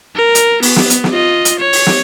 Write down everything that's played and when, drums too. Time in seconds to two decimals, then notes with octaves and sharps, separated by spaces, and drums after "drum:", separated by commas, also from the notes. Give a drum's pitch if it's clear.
0.16 A#4
0.35 drum: hi-hat
0.62 B3, drum: open hi-hat
0.76 drum: snare
0.90 drum: hi-hat
1.04 drum: snare
1.13 F4 D#5
1.45 drum: hi-hat
1.59 C#5
1.73 drum: open hi-hat
1.86 drum: snare